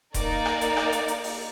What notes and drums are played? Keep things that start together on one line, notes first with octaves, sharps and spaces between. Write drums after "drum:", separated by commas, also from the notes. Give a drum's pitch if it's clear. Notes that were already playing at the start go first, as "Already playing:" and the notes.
A#3 D#4 A#4 D5, drum: kick D#1, hi-hat
drum: rim click
drum: hi-hat
drum: rim click
drum: hi-hat
drum: hi-hat
drum: open hi-hat